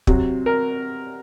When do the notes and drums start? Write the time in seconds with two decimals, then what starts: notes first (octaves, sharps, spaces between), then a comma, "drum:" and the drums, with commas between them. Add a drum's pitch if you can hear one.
0.07 C3 F#3, drum: kick
0.46 A#4